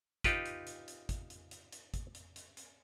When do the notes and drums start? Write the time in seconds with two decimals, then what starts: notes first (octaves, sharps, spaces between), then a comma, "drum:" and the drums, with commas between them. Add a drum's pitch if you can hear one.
0.24 D#4 F4 G4 B4, drum: kick, hi-hat
0.46 drum: hi-hat
0.67 drum: hi-hat
0.88 drum: hi-hat
1.09 drum: kick, hi-hat
1.30 drum: hi-hat
1.51 drum: hi-hat
1.72 drum: hi-hat
1.94 drum: kick, hi-hat
2.15 drum: hi-hat
2.36 drum: hi-hat
2.57 drum: hi-hat